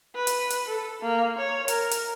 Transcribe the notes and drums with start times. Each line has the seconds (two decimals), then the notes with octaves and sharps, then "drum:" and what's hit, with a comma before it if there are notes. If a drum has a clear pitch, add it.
0.16 B4
0.27 drum: hi-hat
0.50 drum: hi-hat
0.68 A4
1.02 A#3
1.38 C#5
1.68 A#4, drum: hi-hat
1.91 drum: hi-hat